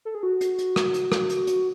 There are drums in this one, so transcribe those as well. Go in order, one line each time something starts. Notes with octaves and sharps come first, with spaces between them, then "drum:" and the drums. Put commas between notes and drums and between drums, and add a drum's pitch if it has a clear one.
A4
G#4
F#4
drum: hi-hat
drum: hi-hat
drum: rim click
drum: hi-hat
drum: rim click
drum: hi-hat
drum: hi-hat